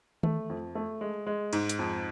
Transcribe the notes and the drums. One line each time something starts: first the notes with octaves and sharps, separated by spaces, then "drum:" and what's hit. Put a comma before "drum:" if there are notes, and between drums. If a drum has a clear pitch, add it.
A3, drum: tom D#3
F2
A3
G#3
G#3
G#2, drum: cymbal
drum: hi-hat
F2